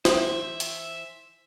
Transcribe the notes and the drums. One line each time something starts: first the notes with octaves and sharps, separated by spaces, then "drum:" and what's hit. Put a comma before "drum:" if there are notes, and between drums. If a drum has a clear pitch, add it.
E3 C5 E5, drum: snare
drum: hi-hat